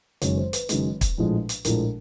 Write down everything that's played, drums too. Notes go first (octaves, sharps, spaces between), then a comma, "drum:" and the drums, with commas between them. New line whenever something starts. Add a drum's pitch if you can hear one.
F#1 F#2 D#3 G#3 C#5, drum: hi-hat
C5
B4, drum: hi-hat
F#1 F#2 D#3 G#3, drum: hi-hat
drum: kick, hi-hat
A#1 A2 F3 G#3
drum: hi-hat
A#1 A2 F3 G#3 A#4, drum: hi-hat